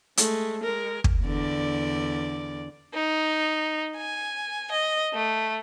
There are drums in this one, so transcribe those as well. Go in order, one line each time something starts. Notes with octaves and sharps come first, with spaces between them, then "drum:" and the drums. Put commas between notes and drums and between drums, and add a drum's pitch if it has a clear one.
G#3 A3, drum: hi-hat
G#3 A#4
drum: kick
E2 D3 D5
D#4
G#5
D#5
A3